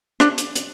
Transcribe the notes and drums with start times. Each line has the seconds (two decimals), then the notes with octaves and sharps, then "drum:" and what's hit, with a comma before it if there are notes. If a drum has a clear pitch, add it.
0.20 D4, drum: rim click
0.38 drum: hi-hat
0.56 drum: hi-hat